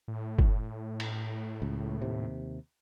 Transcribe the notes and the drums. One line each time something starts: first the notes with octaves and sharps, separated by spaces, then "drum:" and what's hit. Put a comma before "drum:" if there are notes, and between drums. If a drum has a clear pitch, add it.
A2
drum: kick F#1
drum: cymbal
C#2
D#2 C3